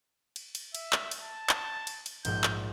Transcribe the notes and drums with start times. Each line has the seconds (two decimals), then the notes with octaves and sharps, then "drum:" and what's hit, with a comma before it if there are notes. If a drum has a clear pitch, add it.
0.36 drum: cymbal
0.55 drum: cymbal
0.75 E5, drum: cymbal
0.93 drum: clap
1.11 drum: cymbal
1.22 A5
1.49 drum: clap
1.76 A6
1.87 drum: cymbal
2.06 drum: cymbal
2.25 A#1 G#2 G6, drum: cymbal
2.44 drum: clap